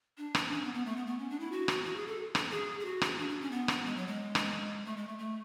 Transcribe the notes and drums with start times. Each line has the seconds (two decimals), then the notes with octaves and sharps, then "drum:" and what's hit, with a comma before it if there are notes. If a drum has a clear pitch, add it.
0.18 D4
0.35 drum: rim click
0.52 C#4
0.63 B3
0.74 B3
0.85 A3
0.96 B3
1.07 B3
1.18 C#4
1.30 D4
1.40 E4
1.52 F#4
1.68 drum: rim click
1.84 F#4
1.96 G#4
2.07 A4
2.35 drum: rim click
2.51 G#4
2.80 G#4
2.85 F#4
3.02 drum: rim click
3.19 D4
3.29 D4
3.41 C#4
3.51 B3
3.68 drum: rim click
3.86 G#3
3.96 F#3
4.07 G#3
4.35 drum: rim click
4.85 A3
4.96 G#3
5.08 A3
5.18 A3